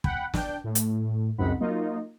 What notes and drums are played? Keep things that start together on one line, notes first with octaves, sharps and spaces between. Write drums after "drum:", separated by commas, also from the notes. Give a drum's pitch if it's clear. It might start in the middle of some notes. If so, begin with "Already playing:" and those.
F#5 G5 B5, drum: kick
D4 G5 G6, drum: snare
A2
drum: hi-hat
C#2 F#2 C4 D#4 F#5 B5
F#3 A#3 D#4 F4 D#5